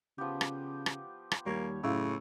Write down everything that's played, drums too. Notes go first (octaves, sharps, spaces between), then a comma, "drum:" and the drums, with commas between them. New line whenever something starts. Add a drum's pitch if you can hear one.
C#3 F3 B3 G4
drum: rim click
drum: rim click
drum: rim click
D#2 G3 A#3 C#5 G#6
F#2 A2 C#3 E4 F5 E6